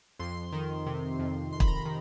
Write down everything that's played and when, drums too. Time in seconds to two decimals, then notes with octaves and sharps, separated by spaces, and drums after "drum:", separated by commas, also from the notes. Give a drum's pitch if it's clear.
0.19 F2 C6
0.53 D#3
0.86 C3
1.19 F2
1.53 F2 C6
1.60 B5, drum: kick
1.68 A#5
1.75 B5
1.85 D#3